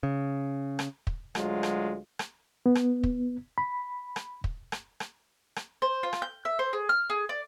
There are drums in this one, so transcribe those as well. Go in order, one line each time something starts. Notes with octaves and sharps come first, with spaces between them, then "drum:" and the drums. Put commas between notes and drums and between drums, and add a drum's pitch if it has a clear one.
C#3
drum: rim click
drum: kick
D2 F#3 G#3 F4, drum: rim click
drum: rim click
drum: rim click
B3
drum: rim click
drum: kick
B5
drum: rim click
drum: kick
drum: rim click
drum: rim click
drum: rim click
C5
F4
drum: rim click
G6
E5
C5
G#4
F6
G#4
D5